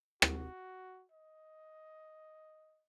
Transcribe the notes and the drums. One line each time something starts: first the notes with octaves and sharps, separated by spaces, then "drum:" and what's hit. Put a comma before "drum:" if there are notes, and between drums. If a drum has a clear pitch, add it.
F#4, drum: rim click
D#5